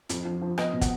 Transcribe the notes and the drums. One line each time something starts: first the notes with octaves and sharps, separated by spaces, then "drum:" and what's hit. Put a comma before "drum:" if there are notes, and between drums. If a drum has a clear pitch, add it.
F2, drum: hi-hat
F3
F3
B3 D#5, drum: rim click
B2
F#5, drum: kick, hi-hat